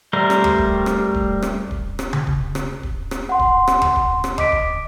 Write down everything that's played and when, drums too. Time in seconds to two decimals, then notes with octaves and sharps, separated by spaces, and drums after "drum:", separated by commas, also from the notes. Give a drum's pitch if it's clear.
0.13 G3 A3 A#4 C5
0.30 drum: rim click
0.44 drum: tom D2
0.58 drum: kick D1
0.86 drum: rim click
1.14 drum: kick D1
1.42 drum: rim click
1.71 drum: kick D1
1.99 drum: rim click
2.13 drum: tom C#3
2.27 drum: kick D1
2.55 drum: rim click
2.83 drum: kick D1
3.11 drum: rim click
3.29 F#5 C6
3.39 drum: kick D1
3.68 drum: rim click
3.82 drum: tom D2
3.96 drum: kick D1
4.24 drum: rim click
4.38 D#5 D6 B6 D7, drum: tom D2
4.52 drum: kick D1